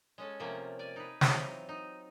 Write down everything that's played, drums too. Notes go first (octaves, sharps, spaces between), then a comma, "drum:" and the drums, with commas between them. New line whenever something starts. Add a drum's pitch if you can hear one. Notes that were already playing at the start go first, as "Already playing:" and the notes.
G#3 C#4 A4
C3 F3 A3 A#3 C#4
D5 G#5
D#4 B4
E3 F#3 C4 D#4 F4, drum: snare
D#4